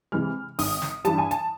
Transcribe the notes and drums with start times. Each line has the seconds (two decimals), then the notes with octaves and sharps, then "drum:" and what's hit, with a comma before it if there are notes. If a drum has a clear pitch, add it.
0.12 C3 E3 G#3 F6
0.59 G#1 D#6, drum: open hi-hat
0.82 drum: snare
1.05 G2 E3 G3 A5, drum: hi-hat
1.18 G#5
1.31 A5, drum: hi-hat